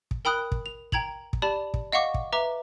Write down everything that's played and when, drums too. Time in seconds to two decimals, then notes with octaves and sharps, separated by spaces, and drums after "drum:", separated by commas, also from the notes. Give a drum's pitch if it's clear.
0.11 drum: kick
0.25 A#4 G5 B5 D#6 F#6
0.52 drum: kick
0.66 F7
0.92 G5 A#5 G#6 F7 F#7, drum: kick
1.33 drum: kick
1.42 G4 D5 A5 B5
1.74 drum: kick
1.92 D#5 F5 F#5 C#6 D6
2.14 drum: kick
2.32 B4 E5 A#5 D6